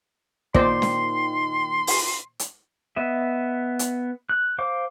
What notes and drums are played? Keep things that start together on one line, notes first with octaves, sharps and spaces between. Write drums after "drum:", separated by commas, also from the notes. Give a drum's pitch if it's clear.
A#2 D#3 D#4 C5 D5 C6, drum: kick
drum: snare
drum: open hi-hat
drum: hi-hat
B3 D#5 E5
drum: hi-hat
F#6
C5 F5 D6